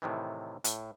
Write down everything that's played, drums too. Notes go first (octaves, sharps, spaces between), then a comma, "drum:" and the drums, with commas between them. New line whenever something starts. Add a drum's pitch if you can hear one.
A2 C3 D#3 E3
A2, drum: hi-hat